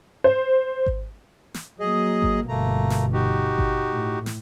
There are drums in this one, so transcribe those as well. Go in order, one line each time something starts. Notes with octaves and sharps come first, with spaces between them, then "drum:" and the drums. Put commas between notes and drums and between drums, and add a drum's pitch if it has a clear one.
C5
drum: kick G#1
drum: snare
F#3 A#3 G#4 D#5
drum: kick G#1
G1 B2 A3 A#3 A#5
drum: snare
D#4 F#4 G4
drum: kick G#1
A2
drum: snare